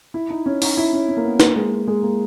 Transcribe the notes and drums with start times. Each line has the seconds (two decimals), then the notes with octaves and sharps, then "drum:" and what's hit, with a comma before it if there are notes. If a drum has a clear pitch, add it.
0.14 E4
0.30 D#4
0.46 C#4
0.62 D#4, drum: open hi-hat
0.77 E4
0.93 C#4
1.09 C#4
1.17 A#3
1.25 B3
1.40 A#3, drum: snare
1.56 G#3
1.88 G#3
2.03 A#3